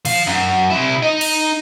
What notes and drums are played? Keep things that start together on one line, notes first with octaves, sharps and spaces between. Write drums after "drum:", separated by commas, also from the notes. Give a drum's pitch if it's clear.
F3 F5, drum: cymbal
F#2
C3 E4
D#4
drum: cymbal